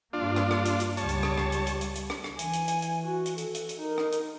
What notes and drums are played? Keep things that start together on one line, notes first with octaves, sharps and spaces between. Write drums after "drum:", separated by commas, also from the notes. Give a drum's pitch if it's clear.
G2 A#3 D4 F4
drum: rim click
drum: rim click
drum: hi-hat
drum: hi-hat
C#2 G3 C#5 A5, drum: hi-hat
drum: hi-hat
drum: rim click
drum: rim click
drum: hi-hat
drum: hi-hat
drum: hi-hat
drum: hi-hat
drum: rim click
drum: rim click
E3 G#5, drum: hi-hat
drum: hi-hat
drum: hi-hat
drum: hi-hat
F#4
drum: hi-hat
A4, drum: hi-hat
drum: hi-hat
drum: hi-hat
D#4 A#4
drum: rim click
drum: hi-hat